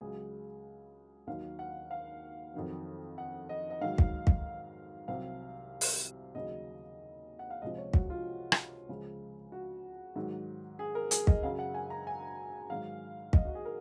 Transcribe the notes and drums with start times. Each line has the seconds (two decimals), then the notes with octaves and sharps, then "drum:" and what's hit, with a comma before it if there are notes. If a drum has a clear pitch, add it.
0.01 C#2 C#3 F#3 G#4
1.27 D#2 D#3 F#3 F5
1.59 F#5
1.91 F5
2.54 F2 D#3 F#3
3.18 F#5
3.49 D#5
3.70 D#5
3.81 G#2 D#3 F#3 F5
3.98 drum: kick
4.27 drum: kick
5.08 C2 C3 F#3 F5
5.81 drum: open hi-hat
6.35 D#2 C#3 F#3 D#5
7.39 F#5
7.50 F5
7.62 C#2 C3 F3 D#5
7.78 C#5
7.93 F#4, drum: kick
8.10 F4
8.52 drum: rim click
8.89 C#2 C#3 F3
9.52 F#4
10.16 G#2 D#3 F#3
10.79 G#4
10.95 A#4
11.11 G#4, drum: hi-hat
11.27 D#5, drum: kick
11.43 F#2 C#3 F#3 F5
11.59 F#5
11.74 G#5
11.90 A#5
12.07 G#5
12.70 G#2 D#3 F#3 F5
13.33 D#5, drum: kick
13.45 F#4
13.55 G#4
13.65 A#4